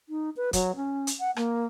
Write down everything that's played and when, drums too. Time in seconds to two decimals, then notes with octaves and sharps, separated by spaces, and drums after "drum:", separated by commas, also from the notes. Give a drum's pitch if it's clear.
0.09 D#4
0.37 B4
0.53 F#3, drum: kick, hi-hat
0.76 C#4
1.07 drum: hi-hat
1.20 F#5
1.36 A#3, drum: rim click